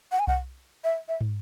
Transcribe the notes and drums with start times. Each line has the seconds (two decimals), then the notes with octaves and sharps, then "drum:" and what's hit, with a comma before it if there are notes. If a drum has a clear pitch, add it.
0.12 F#5
0.19 G#5
0.27 F#5, drum: kick C2
0.84 E5
1.08 E5
1.21 drum: tom